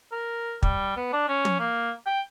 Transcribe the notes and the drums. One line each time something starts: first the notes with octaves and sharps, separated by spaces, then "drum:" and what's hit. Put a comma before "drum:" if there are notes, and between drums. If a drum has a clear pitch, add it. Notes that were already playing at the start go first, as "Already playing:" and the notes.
A#4
G3, drum: kick
B3
D4
C#4
drum: tom
A#3
G5